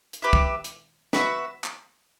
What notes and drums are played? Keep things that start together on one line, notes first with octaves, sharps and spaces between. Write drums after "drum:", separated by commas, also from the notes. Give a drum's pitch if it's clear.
drum: hi-hat
G4 B4 E5
drum: kick
drum: hi-hat
F#4 B4 E5, drum: snare
drum: clap